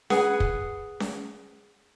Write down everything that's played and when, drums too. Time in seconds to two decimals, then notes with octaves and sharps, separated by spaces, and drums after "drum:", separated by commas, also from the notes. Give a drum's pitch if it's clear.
0.10 G#4 B4 F#5, drum: snare C#4
0.40 drum: kick
1.00 drum: snare C#4